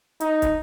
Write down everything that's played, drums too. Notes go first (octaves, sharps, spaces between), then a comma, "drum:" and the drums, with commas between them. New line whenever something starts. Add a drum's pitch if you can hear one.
D#4, drum: hi-hat
drum: kick, hi-hat